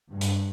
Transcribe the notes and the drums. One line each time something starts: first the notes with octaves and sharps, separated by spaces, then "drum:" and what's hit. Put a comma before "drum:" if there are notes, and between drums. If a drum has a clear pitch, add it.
G2
drum: hi-hat